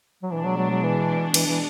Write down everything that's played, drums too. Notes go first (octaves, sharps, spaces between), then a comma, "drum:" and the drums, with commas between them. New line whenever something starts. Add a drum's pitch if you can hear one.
F#3
B2 E3 G#3 D4
F#3
F#3
F#3
E3
E3, drum: cymbal
E3